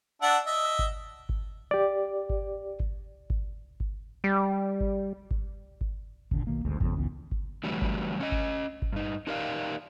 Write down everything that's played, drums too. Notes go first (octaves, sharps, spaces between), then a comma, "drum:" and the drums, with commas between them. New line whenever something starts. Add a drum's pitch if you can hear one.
D4 E5 F#5
D#5 E5
drum: kick G1
drum: kick G1
G4 D5
drum: kick G1
drum: kick G1
drum: kick G1
drum: kick G1
G3
drum: kick G1
drum: kick G1
drum: kick G1
D#1 D3, drum: kick G1
B1 B2 D#3 A#3
G#1 D2 G#2
F2 C#3 B3, drum: kick G1
G1 C#2 E3 B3
drum: kick G1
D3 E3 F#3 G3 A3
drum: kick G1
C#4 D#5
drum: kick G1
drum: kick G1
G2 D#4
D#4 G4 A#4 D5 F5